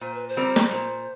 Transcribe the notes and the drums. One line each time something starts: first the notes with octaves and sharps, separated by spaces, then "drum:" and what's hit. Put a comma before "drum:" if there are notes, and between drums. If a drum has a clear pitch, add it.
A#2 C5
B4
C5
G3 C4 F4 A#4
drum: snare
A#2 C5